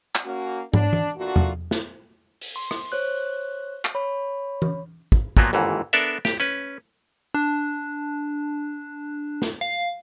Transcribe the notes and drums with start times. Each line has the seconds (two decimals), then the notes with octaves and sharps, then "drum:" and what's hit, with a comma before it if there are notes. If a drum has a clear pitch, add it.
0.15 drum: clap
0.25 A#3 C#4 F#4
0.74 D4, drum: tom
0.93 drum: tom E3
1.17 A3 A#3 D4 F4 F#4
1.36 drum: tom E2
1.71 drum: snare
2.41 drum: open hi-hat
2.56 C6
2.71 drum: rim click
2.92 C5 C#5 F#6
3.85 drum: clap
3.95 C#5 B5
4.62 drum: tom E3
5.12 drum: kick
5.37 A#2 F3 F#3 A#3 B3, drum: kick
5.53 G1 D#2 G#2 E3
5.93 B3 D4 A4 A#4 D5 E5
6.25 G4, drum: snare
6.40 C#4 B4
7.34 D4
9.42 drum: snare
9.61 F5